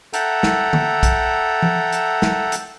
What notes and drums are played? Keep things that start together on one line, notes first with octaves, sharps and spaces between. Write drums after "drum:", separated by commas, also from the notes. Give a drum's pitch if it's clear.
A4 E5 F#5 G5 A#5, drum: hi-hat
drum: snare
drum: tom D3
drum: kick, hi-hat
drum: tom E3
drum: hi-hat
drum: snare
drum: hi-hat